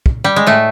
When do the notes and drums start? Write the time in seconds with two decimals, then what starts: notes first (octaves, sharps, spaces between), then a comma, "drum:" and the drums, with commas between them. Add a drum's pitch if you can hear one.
0.06 drum: kick
0.24 G3
0.36 G#3
0.47 A2 A3